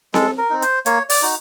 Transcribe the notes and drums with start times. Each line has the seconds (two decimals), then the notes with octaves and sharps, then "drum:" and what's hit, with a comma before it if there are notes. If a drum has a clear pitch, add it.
0.14 G#3 A4, drum: snare C4
0.38 A#4
0.50 C4 D#4
0.62 C5, drum: hi-hat
0.86 A#3 C#5, drum: hi-hat
1.10 D5, drum: open hi-hat
1.22 D#4 F#4